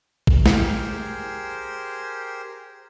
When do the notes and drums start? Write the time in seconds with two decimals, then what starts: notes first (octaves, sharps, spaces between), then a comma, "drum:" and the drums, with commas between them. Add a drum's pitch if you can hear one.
0.27 drum: kick A1
0.46 G4 G#4 A#4 C5, drum: snare